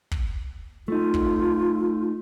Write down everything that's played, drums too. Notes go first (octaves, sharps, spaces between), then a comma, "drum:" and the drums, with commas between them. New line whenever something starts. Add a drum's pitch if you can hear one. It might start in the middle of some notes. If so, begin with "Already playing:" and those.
drum: kick
A3 D#4 F4
drum: kick